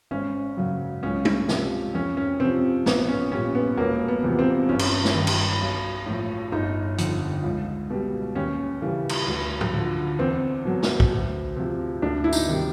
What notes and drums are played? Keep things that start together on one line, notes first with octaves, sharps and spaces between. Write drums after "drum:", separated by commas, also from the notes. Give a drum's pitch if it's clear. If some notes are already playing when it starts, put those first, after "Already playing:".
G#1 C#4
F#2 C#3 F#3
C#2 C#4
drum: tom
C3 F3, drum: snare
F2 C#4
C#4
C3 F3 C4
A#1 B3, drum: snare
C#4
A#2 G3 C#4
B3
E1 A#3
B3
E2 C3 F3
C4
G1 C#4
drum: cymbal
drum: snare
G2 D#3
drum: cymbal
B1
A2 F3
G1 D#4
F2 D3, drum: hi-hat
C#2
B2 G3
D#2 C#4
C#3 E3 G3
drum: cymbal
D2
drum: tom G#2
D3 F3
E2 C4
B2 F#3
drum: snare
drum: kick
D2
C3 F3
D2 D4
E4
D#4, drum: tambourine
C3 D#3 G3